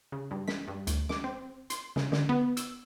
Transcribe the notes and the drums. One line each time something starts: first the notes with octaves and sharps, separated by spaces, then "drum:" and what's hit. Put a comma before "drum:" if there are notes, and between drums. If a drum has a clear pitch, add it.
C#3
G2
B6, drum: snare
G2
D2, drum: hi-hat
D6, drum: snare
C4
C6, drum: hi-hat
C#3, drum: snare
D3, drum: snare
B3
E6, drum: hi-hat